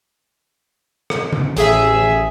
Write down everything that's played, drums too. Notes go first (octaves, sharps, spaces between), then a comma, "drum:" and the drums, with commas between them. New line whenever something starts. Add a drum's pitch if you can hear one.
drum: rim click
drum: tom D#3
A1 G#4 E5, drum: hi-hat